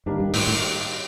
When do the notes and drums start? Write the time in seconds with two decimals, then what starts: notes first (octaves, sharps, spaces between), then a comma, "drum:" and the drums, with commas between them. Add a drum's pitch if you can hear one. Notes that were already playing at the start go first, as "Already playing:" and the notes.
0.06 G2 D#3 G3 A#3 D4 G4
0.20 G2
0.33 A2, drum: open hi-hat
0.47 A2